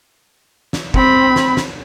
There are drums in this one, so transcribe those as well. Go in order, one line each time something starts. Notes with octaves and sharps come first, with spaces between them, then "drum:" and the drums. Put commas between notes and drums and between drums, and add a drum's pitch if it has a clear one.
drum: snare
C4 B5, drum: kick
drum: snare
drum: snare